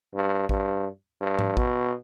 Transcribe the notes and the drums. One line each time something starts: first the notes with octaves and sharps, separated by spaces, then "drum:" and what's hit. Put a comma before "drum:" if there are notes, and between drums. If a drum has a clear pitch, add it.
G2
G2, drum: kick A1
G2
drum: tom G#2
B2, drum: kick A1